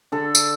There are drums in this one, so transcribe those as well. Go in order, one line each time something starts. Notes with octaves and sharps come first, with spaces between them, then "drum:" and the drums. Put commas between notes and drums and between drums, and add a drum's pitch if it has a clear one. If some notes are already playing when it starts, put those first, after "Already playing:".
D3 A4
drum: tambourine